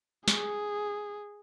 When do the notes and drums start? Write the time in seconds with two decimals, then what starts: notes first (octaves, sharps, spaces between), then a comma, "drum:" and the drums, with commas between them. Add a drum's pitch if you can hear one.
0.28 G#4, drum: snare